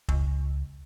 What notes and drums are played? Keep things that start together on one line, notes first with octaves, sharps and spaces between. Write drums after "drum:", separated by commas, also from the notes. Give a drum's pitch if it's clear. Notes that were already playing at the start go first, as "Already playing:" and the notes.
C#2, drum: kick F1